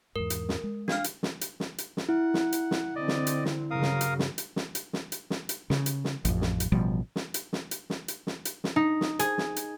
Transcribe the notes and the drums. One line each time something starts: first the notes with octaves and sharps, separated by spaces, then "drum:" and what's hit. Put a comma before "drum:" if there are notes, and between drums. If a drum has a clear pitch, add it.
E2 G#2 A#4
drum: hi-hat
drum: snare
G#3
D4 F5 F6, drum: snare
drum: hi-hat
drum: snare
drum: hi-hat
drum: snare
drum: hi-hat
drum: snare
E4 F#5
drum: snare
drum: hi-hat
drum: snare
D3 C4 D5 D#5
drum: snare
drum: hi-hat
drum: snare
G2 C#3 F#3 A#4 F5 D#6
drum: snare
drum: hi-hat
drum: snare
drum: hi-hat
drum: snare
drum: hi-hat
drum: snare
drum: hi-hat
drum: snare
drum: hi-hat
C#3, drum: snare
drum: hi-hat
drum: snare
A1 F2, drum: hi-hat
drum: snare
drum: hi-hat
A1 B2 F3 G3
drum: snare
drum: hi-hat
drum: snare
drum: hi-hat
drum: snare
drum: hi-hat
drum: snare
drum: hi-hat
drum: snare
D#4
drum: snare
G#4, drum: hi-hat
drum: snare
drum: hi-hat